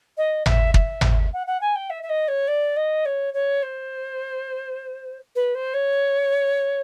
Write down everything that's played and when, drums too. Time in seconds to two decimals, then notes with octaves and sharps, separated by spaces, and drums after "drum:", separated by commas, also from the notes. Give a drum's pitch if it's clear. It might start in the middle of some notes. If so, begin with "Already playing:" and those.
0.17 D#5
0.46 E5, drum: tom G#1
0.74 E5, drum: kick
1.01 drum: tom G#1
1.33 F#5
1.46 F#5
1.61 G#5
1.75 G5
1.90 E5
2.02 E5
2.09 D#5
2.28 C#5
2.47 D5
2.76 D#5
3.05 C#5
3.33 C#5
3.62 C5
5.35 B4
5.54 C5
5.73 C#5